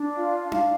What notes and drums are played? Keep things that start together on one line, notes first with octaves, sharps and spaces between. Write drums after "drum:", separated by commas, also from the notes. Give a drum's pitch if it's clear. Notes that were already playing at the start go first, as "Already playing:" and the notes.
Already playing: D4
F4 F5
D4
F5, drum: tom D4